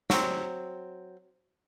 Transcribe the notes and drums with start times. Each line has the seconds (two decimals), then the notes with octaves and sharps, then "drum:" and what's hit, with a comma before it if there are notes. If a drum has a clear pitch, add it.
0.10 F#3 C4, drum: snare